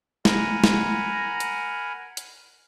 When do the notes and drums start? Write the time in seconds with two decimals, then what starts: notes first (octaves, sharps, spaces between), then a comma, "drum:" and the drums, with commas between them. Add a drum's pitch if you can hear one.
0.25 A#4 F#5 G#5 A#5 B5, drum: snare
0.64 drum: snare
1.40 drum: hi-hat
2.17 drum: hi-hat